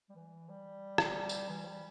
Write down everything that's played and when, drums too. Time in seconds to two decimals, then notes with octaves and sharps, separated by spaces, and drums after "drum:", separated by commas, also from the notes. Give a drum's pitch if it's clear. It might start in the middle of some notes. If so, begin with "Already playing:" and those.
0.10 G3
0.15 E3
0.49 G3
0.98 drum: rim click
1.29 drum: tambourine
1.49 E3
1.65 G3